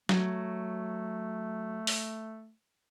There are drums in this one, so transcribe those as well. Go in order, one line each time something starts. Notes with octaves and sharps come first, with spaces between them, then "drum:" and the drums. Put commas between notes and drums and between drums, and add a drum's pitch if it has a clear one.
F#3 A3, drum: snare
drum: open hi-hat